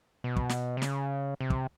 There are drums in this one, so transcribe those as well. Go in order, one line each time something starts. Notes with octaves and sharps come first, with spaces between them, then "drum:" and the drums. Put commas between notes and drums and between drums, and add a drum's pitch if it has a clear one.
B2
drum: kick
drum: snare
C3
C#3, drum: snare
C3
drum: kick